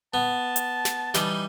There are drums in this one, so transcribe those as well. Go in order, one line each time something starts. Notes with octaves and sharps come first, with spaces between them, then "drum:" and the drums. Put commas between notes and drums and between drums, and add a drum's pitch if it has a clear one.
B3 A5
drum: hi-hat
drum: snare
E3 G3 D#4, drum: snare